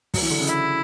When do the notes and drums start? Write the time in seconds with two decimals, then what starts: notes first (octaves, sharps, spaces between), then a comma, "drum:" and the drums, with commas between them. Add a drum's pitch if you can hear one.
0.14 F#3, drum: kick, open hi-hat
0.22 E3
0.30 D3
0.39 C#3
0.46 E4, drum: hi-hat